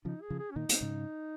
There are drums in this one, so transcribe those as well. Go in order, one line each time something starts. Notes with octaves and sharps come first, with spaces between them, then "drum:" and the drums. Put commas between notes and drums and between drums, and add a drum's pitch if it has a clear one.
C#3 F3 D#4
G#4
C#3 F3
G#4
C#4
A#2 D#3 D#4
drum: hi-hat
G#2 C#3